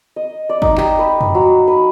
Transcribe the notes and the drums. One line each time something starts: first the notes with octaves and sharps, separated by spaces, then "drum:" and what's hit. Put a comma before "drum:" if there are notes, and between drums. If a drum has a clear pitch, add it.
D#5
D5
D#4, drum: kick
G4, drum: clap
B4
drum: tom
F#3
B4